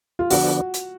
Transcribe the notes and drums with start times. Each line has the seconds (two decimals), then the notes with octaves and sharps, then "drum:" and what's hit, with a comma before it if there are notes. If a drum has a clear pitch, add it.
0.19 F4
0.30 D3 F3 B3 D4 F#4, drum: open hi-hat
0.74 drum: hi-hat